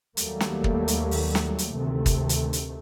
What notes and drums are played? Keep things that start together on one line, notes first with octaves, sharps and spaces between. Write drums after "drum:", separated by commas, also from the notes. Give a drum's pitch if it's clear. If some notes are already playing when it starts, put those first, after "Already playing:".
D#2 F#3 G3 A3 A#3, drum: hi-hat
drum: snare
drum: kick
drum: hi-hat
drum: open hi-hat
drum: snare
drum: hi-hat
D2 C3 D#3 A3
drum: kick, hi-hat
drum: hi-hat
drum: hi-hat